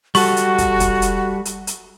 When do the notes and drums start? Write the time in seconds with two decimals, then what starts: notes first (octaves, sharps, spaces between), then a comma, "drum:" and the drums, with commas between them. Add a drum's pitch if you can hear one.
0.15 G3 F#4 A4 C#6, drum: open hi-hat
0.37 drum: hi-hat
0.58 drum: kick, hi-hat
0.80 drum: kick, hi-hat
1.02 drum: hi-hat
1.45 drum: hi-hat
1.67 drum: hi-hat